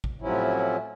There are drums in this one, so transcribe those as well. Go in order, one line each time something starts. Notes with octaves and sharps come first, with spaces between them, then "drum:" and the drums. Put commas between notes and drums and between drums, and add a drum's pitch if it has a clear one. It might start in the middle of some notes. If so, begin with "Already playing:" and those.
drum: kick A1
A2 C3 F3 F#3 C#4 E4